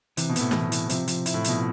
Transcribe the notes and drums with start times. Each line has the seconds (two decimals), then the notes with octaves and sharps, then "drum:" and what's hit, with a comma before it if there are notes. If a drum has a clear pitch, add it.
0.17 C3 E3, drum: hi-hat
0.29 B2
0.36 A2 B3, drum: hi-hat
0.51 B2 E3, drum: snare
0.72 E3, drum: hi-hat
0.89 C3 F3, drum: hi-hat
1.08 F3, drum: hi-hat
1.26 E4, drum: hi-hat
1.34 A2
1.44 B2 F3, drum: hi-hat